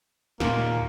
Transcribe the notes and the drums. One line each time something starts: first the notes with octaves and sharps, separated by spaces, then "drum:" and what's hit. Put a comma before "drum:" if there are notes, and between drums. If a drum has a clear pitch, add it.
D#2 A#2 A#3, drum: snare